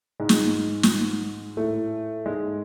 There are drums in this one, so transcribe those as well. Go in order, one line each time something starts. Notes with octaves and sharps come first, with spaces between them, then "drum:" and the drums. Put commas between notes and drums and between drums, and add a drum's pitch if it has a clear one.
G#2 G#3
drum: snare
drum: snare
A2 A3
G#2 G#3